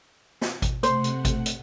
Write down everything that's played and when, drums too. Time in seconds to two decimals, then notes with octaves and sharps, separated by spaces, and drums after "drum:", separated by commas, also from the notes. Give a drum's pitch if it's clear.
0.41 drum: snare
0.62 drum: kick G#1, hi-hat
0.83 C3 A3 C5 F#5, drum: hi-hat
1.04 drum: hi-hat
1.25 drum: kick G#1, hi-hat
1.46 drum: hi-hat